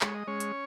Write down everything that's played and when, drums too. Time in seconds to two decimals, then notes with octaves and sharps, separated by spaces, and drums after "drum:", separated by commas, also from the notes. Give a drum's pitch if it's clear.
0.01 G#3 C#5, drum: clap
0.14 D#5
0.27 G#3 C#4 C#5
0.40 drum: hi-hat